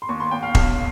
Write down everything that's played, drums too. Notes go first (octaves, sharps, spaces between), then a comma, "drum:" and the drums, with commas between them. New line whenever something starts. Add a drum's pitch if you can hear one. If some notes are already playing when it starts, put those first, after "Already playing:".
C6
D#2 C#6
C6
D#2 G5
F5
B1, drum: kick E1